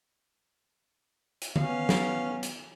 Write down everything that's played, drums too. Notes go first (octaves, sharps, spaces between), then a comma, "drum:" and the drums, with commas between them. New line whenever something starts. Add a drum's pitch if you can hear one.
drum: hi-hat
B3 C#4 F5, drum: tom D3
drum: snare
drum: hi-hat